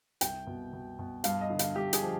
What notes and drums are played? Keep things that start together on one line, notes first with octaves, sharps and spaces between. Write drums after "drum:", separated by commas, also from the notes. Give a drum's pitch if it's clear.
C2 G5, drum: hi-hat
B2
B2
B2
G2 F5, drum: hi-hat
D#5
D3
F5, drum: hi-hat
G2 G4
G#4, drum: hi-hat
F3